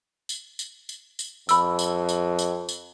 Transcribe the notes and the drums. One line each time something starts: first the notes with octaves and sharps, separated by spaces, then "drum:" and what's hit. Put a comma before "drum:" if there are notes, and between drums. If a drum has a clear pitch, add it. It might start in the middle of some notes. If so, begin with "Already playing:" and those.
drum: tambourine
drum: tambourine
drum: tambourine
drum: tambourine
F2 B5 E6, drum: tambourine
drum: tambourine
drum: tambourine
drum: tambourine
drum: tambourine